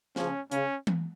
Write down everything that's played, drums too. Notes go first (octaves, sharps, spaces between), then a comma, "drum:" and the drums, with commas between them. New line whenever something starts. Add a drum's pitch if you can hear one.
C#3 F3 C#4, drum: snare
C#3 C#4, drum: hi-hat
drum: tom E3